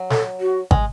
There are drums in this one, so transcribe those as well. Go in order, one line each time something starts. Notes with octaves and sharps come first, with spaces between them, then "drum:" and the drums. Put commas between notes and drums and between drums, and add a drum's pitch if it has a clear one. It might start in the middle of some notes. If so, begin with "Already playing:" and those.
Already playing: F#3
A4, drum: snare
F#4
G#3, drum: kick